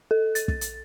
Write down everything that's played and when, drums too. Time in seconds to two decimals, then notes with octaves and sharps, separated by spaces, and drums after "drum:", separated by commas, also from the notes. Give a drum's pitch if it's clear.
0.11 A4
0.35 A6, drum: hi-hat
0.48 drum: kick
0.61 drum: hi-hat